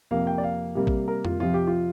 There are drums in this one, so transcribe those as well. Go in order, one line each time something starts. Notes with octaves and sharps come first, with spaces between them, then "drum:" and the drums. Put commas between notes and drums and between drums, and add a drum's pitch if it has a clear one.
F2 C3 A#3 F5
G5
D5
F5
C3 G3 A#3
drum: kick A1
A#4
F4, drum: tom F2
F2 C3 F3 F4
G4
F4